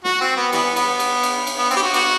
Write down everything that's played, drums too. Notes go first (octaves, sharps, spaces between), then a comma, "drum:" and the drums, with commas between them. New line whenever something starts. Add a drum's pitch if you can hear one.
F#4, drum: snare
C4
B3
E3 G3 B3, drum: cymbal
B3, drum: cymbal
drum: cymbal
drum: cymbal
drum: cymbal
B3
C4, drum: cymbal
G4
F#4
B3 F#4, drum: cymbal